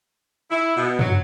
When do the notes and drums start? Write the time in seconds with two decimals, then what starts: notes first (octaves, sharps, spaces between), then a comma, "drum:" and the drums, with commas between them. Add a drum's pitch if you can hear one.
0.51 E4
0.76 B2
0.99 F#3, drum: tom